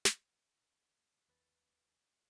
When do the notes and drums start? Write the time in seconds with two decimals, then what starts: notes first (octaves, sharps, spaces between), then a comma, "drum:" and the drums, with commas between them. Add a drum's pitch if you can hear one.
0.05 drum: snare
1.28 D#2 B4 A6